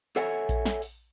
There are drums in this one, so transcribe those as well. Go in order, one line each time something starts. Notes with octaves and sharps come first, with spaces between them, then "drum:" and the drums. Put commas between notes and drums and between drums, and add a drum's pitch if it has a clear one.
A4 C#5 E5 F#5 G#5, drum: hi-hat
drum: kick A#1, hi-hat
drum: snare
drum: open hi-hat